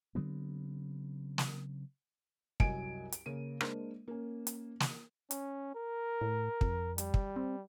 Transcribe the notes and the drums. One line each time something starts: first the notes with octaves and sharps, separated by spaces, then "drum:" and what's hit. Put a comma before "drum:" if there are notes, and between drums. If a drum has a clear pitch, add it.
C#3 F#3 B3 C4
drum: snare
C2 F#2 F#4 D#5 G#5 D7, drum: kick
drum: hi-hat
C#3 A#3 D#7
G#3 A#3 D4 A#4 C5, drum: rim click
A#3 C#4
drum: hi-hat
drum: snare
C#4, drum: hi-hat
A#4
A2
F2, drum: kick
G3, drum: hi-hat
drum: kick
C4